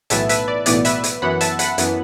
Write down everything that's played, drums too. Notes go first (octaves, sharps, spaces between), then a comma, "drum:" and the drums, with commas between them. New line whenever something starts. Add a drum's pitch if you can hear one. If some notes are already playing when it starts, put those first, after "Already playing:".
B1 A2 E3 B3 E5 A5, drum: hi-hat
B4 E5, drum: hi-hat
D5
B1 A2 E3 B3 D5, drum: hi-hat
B4 E5, drum: hi-hat
drum: hi-hat
F#2 E3 B3 F#5 B5
E5 A5, drum: hi-hat
F#5 B5, drum: hi-hat
F#2 E3 B3, drum: hi-hat